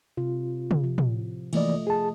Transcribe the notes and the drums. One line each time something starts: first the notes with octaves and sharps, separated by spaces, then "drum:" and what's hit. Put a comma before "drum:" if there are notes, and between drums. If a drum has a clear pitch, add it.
C3 F4
drum: tom
F3
drum: tom
E3 F3 A3 A#3 D5 D#5, drum: cymbal
G#4 A5